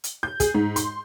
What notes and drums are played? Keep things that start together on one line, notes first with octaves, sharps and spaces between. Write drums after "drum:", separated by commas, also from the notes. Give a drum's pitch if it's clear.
drum: hi-hat
G6
G#4, drum: kick, hi-hat
G#2
C6, drum: hi-hat